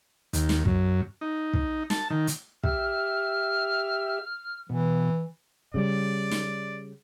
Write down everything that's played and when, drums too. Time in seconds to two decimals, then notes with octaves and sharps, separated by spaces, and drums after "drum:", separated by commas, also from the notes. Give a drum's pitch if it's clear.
0.33 D#2, drum: hi-hat
0.49 drum: snare
0.65 F#2, drum: kick
1.21 D#4
1.53 drum: kick
1.90 A5, drum: snare
2.10 D#3
2.27 drum: hi-hat
2.63 G4 E5 F6, drum: kick
4.69 B2 E3
5.74 C#3 G3 D5
6.31 drum: snare